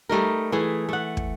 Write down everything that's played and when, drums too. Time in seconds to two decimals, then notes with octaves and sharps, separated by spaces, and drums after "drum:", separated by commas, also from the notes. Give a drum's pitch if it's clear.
0.09 G3 A3 D#4 A#4
0.52 E3 A3 G#4
0.89 A3 F#5
1.17 drum: kick